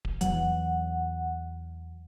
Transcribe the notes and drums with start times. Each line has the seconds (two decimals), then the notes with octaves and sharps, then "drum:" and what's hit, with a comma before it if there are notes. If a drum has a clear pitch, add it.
0.05 drum: kick D1
0.21 E2 E3 F#3 F#5, drum: hi-hat